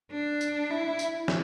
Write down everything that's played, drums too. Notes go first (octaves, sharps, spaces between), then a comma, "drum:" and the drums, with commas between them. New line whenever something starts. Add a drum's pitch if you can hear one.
D4
drum: tambourine
E4
drum: tambourine
drum: snare